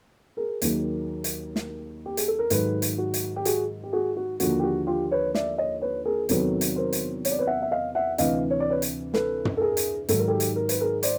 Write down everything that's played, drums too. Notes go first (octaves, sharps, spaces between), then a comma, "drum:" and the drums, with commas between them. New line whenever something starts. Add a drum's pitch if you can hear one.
G#4 A#4
D#2 D#3 F#3, drum: hi-hat
drum: hi-hat
drum: snare
G4
G#4, drum: hi-hat
A4
A#4
G#2 D#3 F#3 A4 B4, drum: hi-hat
drum: hi-hat
F#4
drum: hi-hat
G4
F#4 G#4, drum: hi-hat
G4
F#4 G#4
F#4
D#2 D3 F3 F#4, drum: hi-hat
G4
F#4
F4 G4
B4 C#5
D5 E5, drum: snare
C#5 D#5
B4 C#5
G#4 A#4
E2 C3 D#3 F#3 A4 B4, drum: hi-hat
drum: hi-hat
A#4 C5
drum: hi-hat
C#5, drum: hi-hat
D5
B4 C#5
E5 F#5
E5
D#5 F5
E5 F#5
D2 C3 E3 D#5 F5, drum: hi-hat
C#5
D5
B4 C#5
drum: hi-hat
A4 B4, drum: snare
drum: tom
A4
G#4 A#4
drum: hi-hat
G#2 D#3 F#3 A4, drum: hi-hat
A#4
G4 A4
drum: hi-hat
A#4
B4, drum: hi-hat
G#4 A#4
C5 D5, drum: hi-hat